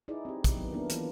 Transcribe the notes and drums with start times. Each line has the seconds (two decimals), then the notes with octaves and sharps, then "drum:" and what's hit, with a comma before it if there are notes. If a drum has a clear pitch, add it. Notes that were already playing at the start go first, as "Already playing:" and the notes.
0.08 D#4 E4 G#4 D5
0.25 C4 G4
0.44 drum: kick, hi-hat
0.55 D#3 F#3 B3
0.73 A#3 B3 D4 E4 A#4
0.90 E3 B3 F4, drum: hi-hat